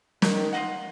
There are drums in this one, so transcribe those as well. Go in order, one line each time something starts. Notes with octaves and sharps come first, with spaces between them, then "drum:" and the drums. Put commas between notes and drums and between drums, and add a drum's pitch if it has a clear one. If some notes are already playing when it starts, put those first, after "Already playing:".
D#3, drum: snare
F4 B4 D#5 F#5